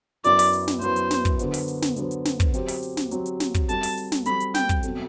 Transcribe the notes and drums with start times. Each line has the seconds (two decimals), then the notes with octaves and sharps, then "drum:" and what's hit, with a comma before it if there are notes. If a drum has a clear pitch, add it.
0.24 F#2 F#3 B3 E4 D5, drum: hi-hat
0.39 drum: open hi-hat
0.53 drum: hi-hat
0.68 drum: snare
0.82 F#2 F#3 B3 E4 C5, drum: hi-hat
0.96 drum: hi-hat
1.11 drum: snare
1.25 drum: kick, hi-hat
1.39 D3 F#3 B3 F#4 C5, drum: hi-hat
1.54 drum: open hi-hat
1.68 drum: hi-hat
1.82 drum: snare
1.96 D3 F#3 B3 F#4 C5, drum: hi-hat
2.11 drum: hi-hat
2.25 drum: snare
2.40 drum: kick, hi-hat
2.54 F#3 C4 G4 C5, drum: hi-hat
2.68 drum: open hi-hat
2.83 drum: hi-hat
2.97 drum: snare
3.11 F#3 C4 G4 C5, drum: hi-hat
3.26 drum: hi-hat
3.40 drum: snare
3.54 drum: kick, hi-hat
3.69 G3 C4 F#4 A4 A5, drum: hi-hat
3.83 drum: open hi-hat
3.97 drum: hi-hat
4.12 drum: snare
4.26 G3 C4 F#4 A4 B5, drum: hi-hat
4.41 drum: hi-hat
4.55 G5, drum: snare
4.69 drum: kick, hi-hat
4.83 B2 F#3 C4 F#4 A4, drum: hi-hat